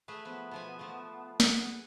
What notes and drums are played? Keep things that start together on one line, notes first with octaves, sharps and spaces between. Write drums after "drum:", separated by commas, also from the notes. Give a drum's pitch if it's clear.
A3 G#4 B4
F3 B3 B4
B2 F3 G#5
F3 A3
G#4 F#5 G#5, drum: snare